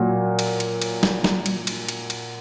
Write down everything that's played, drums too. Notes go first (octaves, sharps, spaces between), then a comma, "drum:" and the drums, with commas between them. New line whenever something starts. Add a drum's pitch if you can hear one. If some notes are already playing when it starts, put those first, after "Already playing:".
Already playing: A#2 F#3
drum: cymbal
drum: cymbal
drum: cymbal
drum: snare
drum: snare
drum: cymbal
drum: cymbal
drum: cymbal
drum: cymbal